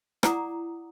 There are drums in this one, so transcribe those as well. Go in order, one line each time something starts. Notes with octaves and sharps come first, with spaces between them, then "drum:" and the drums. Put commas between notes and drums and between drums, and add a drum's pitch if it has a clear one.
E4 D5 F#5 A#5 D6 D#6, drum: rim click